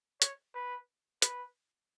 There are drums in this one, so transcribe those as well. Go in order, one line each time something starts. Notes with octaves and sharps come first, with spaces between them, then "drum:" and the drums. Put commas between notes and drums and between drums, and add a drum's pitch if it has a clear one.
C#5, drum: hi-hat
B4
B4, drum: hi-hat